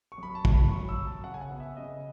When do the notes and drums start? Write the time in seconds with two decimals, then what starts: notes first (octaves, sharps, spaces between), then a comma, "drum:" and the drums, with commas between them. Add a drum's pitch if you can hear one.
0.12 C#6
0.18 F#2 B5
0.35 A5
0.45 F#2, drum: kick
0.54 B5
0.71 F#3 C#6
0.89 E6
0.98 F#3
1.07 A5
1.24 C#3 F#5
1.34 G#5
1.41 F#5
1.51 B3
1.60 E5
1.77 C#3 D#5